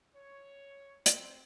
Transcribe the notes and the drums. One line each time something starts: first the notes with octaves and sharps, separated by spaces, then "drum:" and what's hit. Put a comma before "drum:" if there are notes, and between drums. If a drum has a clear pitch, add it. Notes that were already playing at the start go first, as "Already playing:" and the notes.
C#5
C4, drum: hi-hat